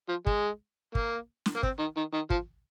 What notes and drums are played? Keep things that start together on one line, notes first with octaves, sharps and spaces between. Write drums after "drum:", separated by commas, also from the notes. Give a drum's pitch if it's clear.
F3
G#3, drum: kick
A#3, drum: kick
drum: snare
A#3
C4, drum: kick
D#3
D#3
D#3
F3, drum: kick